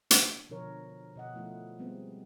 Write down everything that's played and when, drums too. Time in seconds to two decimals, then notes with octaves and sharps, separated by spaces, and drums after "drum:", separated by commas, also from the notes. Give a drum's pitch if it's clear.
0.11 drum: hi-hat
0.20 D4
0.50 B2 D3 F3 A#4 C#5
1.16 B2 D#5 F#5
1.34 F3 A3 E4 F4
1.79 G3 G#3 B3 C4